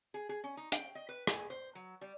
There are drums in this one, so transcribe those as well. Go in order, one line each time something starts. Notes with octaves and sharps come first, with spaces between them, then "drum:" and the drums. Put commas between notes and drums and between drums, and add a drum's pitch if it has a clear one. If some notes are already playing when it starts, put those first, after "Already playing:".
G#4
G#4
C#4
D#4
G5, drum: hi-hat
D#5
B4
G#4, drum: rim click
C5
F#3
G3